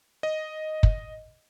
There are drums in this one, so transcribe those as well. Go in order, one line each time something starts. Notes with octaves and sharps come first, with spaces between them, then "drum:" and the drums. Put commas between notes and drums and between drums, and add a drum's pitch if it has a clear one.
D#5
drum: kick